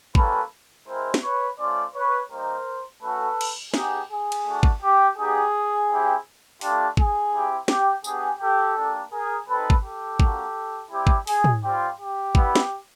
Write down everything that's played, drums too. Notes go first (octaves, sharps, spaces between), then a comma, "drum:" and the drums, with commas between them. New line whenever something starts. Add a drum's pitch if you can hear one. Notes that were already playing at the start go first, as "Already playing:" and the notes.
G3 A#3 C#4 F4 A4 B4, drum: kick G#1
G#3 C4 E4 A#4 C5
drum: snare
B4 C#5
A3 C#4 F4 C5 D5
B4 C#5
G3 A#3 D#4 A#4 C5
A3 C#4 F#4 A4 B4
drum: cymbal
B3 D#4 G4 G#4, drum: snare
G#4
drum: cymbal
A3 D4 F#4
drum: kick G#1
G4
B3 D#4 G4 G#4
C4 E4 G4
A3 D4 F4 G4, drum: open hi-hat
G#4, drum: kick G#1
C4 E4 G4
G4, drum: snare
B3 D4 G4 G#4, drum: tambourine
G4 A4
A#3 D4 G4
G#4 A#4
G3 C4 D#4 A4 B4
drum: kick G#1
G4 A4
A#3 D4 F#4, drum: kick G#1
G3 C4 E4 G4
drum: kick G#1
G#4, drum: open hi-hat
drum: tom
G3 C4 F4 G4
G4
G3 B3 E4, drum: kick G#1
drum: snare